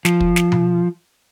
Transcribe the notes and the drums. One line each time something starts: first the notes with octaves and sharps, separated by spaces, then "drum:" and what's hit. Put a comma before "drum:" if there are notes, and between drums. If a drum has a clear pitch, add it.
F3, drum: snare
drum: kick
drum: snare
drum: tom B2